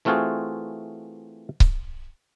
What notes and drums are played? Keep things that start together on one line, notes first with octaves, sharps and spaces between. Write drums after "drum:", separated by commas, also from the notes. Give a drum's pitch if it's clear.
E3 A3 C4 F4 F#4 G#4
drum: kick C#1